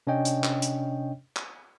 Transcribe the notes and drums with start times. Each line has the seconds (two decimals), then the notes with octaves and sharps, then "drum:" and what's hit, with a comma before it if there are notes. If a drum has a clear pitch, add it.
0.07 C3 C#4 D4 C#5 D#5 G5
0.25 drum: hi-hat
0.44 drum: clap
0.62 drum: hi-hat
1.36 drum: clap